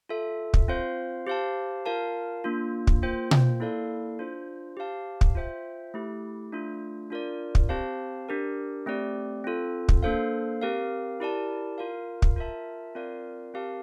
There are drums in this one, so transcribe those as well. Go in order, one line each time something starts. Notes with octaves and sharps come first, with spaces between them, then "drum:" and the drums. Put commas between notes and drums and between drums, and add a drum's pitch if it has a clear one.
F4 A4 E5
drum: kick
C4 F4 C5 F5
G4 C5 F5 A5
F4 A#4 F5 A5
A#3 D4 F4
drum: kick
A#3 F4 C5 G5
drum: tom B2
A#3 E4 A4 D5 F5
D4 F4 C5
G4 C5 F5 A5
drum: kick
F4 C5 E5 G5
A3 E4 G4
A3 D4 F4
D4 F4 A#4 D5
drum: kick
C4 G4 C5 F5 A5
D4 G4 A#4
A3 C4 G4 D5
C4 F4 A4
drum: kick
A#3 D4 A4 C5 F5
C4 G4 A#4 F5
E4 G4 A#4 D5 A5
F4 A#4 F5
drum: kick
F4 A#4 E5 A5
C4 F4 A#4 D5 F5
C4 G4 A#4 F5 A5